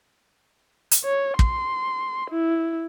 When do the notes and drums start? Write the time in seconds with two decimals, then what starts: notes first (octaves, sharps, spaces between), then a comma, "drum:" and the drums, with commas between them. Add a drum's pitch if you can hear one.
0.91 drum: hi-hat
1.04 C#5
1.39 C6, drum: kick
2.30 E4